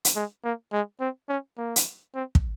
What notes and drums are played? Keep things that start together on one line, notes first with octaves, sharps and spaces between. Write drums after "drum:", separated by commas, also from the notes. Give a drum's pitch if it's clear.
drum: hi-hat
G#3
A#3
G#3
C4
C#4
A#3
drum: hi-hat
C4
drum: kick